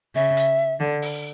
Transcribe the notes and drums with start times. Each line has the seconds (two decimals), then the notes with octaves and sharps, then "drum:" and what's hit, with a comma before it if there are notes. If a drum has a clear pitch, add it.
0.15 C#3 E5
0.37 drum: hi-hat
0.80 D3
1.02 drum: open hi-hat